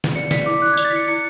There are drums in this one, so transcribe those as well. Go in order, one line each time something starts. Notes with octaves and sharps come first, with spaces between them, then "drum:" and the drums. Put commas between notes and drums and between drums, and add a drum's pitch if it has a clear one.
drum: snare
D5 C#7
D5 B6, drum: snare
E4 D6
E4 F#6
G#6
D5, drum: tambourine
A6
B6
E4 C#7
E4 C#7